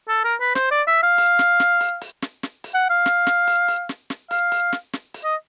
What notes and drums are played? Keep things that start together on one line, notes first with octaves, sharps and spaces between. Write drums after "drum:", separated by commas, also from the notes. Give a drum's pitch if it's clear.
A4
A#4
B4
C5, drum: snare
D5
E5
F5
drum: hi-hat
drum: snare
drum: snare
drum: hi-hat
drum: hi-hat
drum: snare
drum: snare
drum: hi-hat
F#5
F5
drum: snare
drum: snare
drum: hi-hat
drum: hi-hat
drum: snare
drum: snare
F5, drum: hi-hat
drum: hi-hat
drum: snare
drum: snare
drum: hi-hat
D#5